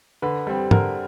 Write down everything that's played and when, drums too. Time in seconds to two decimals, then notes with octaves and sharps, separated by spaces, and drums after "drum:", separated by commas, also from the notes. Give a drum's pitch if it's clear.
0.22 D3 B4
0.47 G3 C4
0.71 D3 A#4, drum: tom